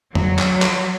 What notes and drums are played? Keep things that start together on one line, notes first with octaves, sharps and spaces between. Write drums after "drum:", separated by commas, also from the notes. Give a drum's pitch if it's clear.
F#3, drum: tom F2
drum: clap
drum: clap